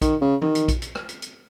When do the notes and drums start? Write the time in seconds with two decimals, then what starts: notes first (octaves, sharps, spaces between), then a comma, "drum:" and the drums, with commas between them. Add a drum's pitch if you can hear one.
0.01 D#3, drum: kick A#1, hi-hat
0.21 C#3
0.42 D#3, drum: tom E3
0.55 drum: hi-hat
0.68 drum: kick A#1, hi-hat
0.82 drum: hi-hat
0.95 drum: rim click
1.09 drum: hi-hat
1.22 drum: hi-hat